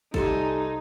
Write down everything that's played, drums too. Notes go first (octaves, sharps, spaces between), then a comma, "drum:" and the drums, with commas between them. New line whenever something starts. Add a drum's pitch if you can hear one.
C2 G3 D#4 A4 C5 G#5, drum: kick